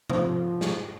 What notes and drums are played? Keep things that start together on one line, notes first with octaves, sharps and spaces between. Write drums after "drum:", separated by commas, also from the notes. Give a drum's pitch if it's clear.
F3, drum: tom
drum: snare